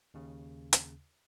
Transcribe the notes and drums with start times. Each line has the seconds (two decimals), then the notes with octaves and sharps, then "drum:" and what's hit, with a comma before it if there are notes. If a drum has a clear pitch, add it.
0.14 D#2 C#3
0.73 drum: hi-hat